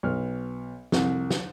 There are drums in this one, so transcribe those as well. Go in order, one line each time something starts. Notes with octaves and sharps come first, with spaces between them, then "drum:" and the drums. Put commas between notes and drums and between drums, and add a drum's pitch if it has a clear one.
B1 F6
C2 F2, drum: snare
drum: snare